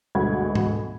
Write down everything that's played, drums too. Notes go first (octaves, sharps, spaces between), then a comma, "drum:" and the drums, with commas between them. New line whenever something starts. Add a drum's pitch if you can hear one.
G1 D2 G#2 B2 B5 G#6
drum: tom G#2